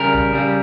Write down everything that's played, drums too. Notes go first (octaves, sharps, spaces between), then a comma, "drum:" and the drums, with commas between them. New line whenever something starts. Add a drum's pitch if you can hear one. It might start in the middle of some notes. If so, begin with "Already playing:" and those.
Already playing: C#3 G3 A#4
drum: kick A#1
C#3 G3